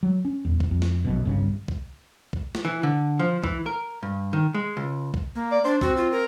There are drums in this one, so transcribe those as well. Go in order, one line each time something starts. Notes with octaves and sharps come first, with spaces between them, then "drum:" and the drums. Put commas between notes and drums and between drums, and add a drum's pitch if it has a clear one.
F#3
C#4
D#1 E2
drum: kick
F2
drum: snare
A#1 F#2 B2
G1 C2 G2 C#3
drum: kick
drum: kick
drum: snare
E3
D3
F3
E3, drum: kick
A#4
G2
D#3
G#3
C#2
drum: kick
A#3
D5
D4 C5
C4 F#4, drum: kick
F4
A#4